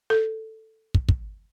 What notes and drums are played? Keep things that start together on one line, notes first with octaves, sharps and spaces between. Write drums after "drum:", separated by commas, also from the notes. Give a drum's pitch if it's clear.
A4
drum: kick
drum: kick